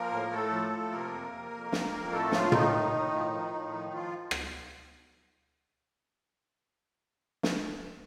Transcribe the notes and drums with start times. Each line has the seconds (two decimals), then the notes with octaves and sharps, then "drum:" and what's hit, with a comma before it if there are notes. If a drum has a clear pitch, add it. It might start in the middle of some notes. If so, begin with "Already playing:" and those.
Already playing: F3 A#3 A#4
0.11 A2
0.31 A2 A3 A4
0.51 F3
0.72 F3
0.91 C3 A#3 A#4
1.11 F2
1.32 F2
1.52 F2
1.72 F2, drum: snare
1.93 F2
2.12 A2 A3 A4
2.32 F3 F4, drum: snare
2.52 A2 D#3 D#4, drum: tom
2.73 A2
2.93 A2
3.13 F3
3.32 F3
3.53 A2
3.72 F3
3.88 D#4
3.93 F3 F4
4.31 drum: rim click
7.43 drum: snare